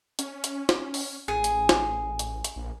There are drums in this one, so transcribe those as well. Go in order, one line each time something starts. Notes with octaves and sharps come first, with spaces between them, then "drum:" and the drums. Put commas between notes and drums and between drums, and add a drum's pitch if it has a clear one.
C#4, drum: hi-hat
drum: hi-hat
drum: snare
drum: open hi-hat
A1 G#4
drum: hi-hat
drum: snare
drum: hi-hat
drum: hi-hat
A#1